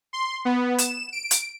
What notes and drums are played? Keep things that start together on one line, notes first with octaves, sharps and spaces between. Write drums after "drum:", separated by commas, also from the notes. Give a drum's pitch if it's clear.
C6
B3
E7, drum: hi-hat
D7
drum: hi-hat